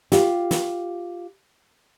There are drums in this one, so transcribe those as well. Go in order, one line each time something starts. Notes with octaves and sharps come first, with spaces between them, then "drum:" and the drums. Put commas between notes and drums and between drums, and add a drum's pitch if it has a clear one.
F4 G4, drum: snare
drum: snare